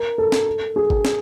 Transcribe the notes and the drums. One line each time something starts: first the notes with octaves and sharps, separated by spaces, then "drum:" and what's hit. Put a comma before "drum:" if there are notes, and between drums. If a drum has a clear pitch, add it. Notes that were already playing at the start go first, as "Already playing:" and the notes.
Already playing: A#4
A4
drum: snare
G#4
drum: kick
drum: snare